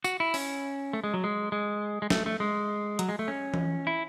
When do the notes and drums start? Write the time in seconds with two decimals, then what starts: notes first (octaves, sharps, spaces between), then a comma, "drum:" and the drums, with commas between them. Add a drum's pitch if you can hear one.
0.04 F#4, drum: tambourine
0.20 E4
0.34 C#4, drum: open hi-hat
0.93 A3
1.04 G#3
1.14 F#3
1.24 G#3
1.52 G#3
2.02 G#3
2.10 A3, drum: snare
2.26 A3
2.40 G#3
2.99 F#3, drum: hi-hat
3.09 G#3
3.19 A3
3.28 C#4
3.54 drum: tom E3
3.87 E4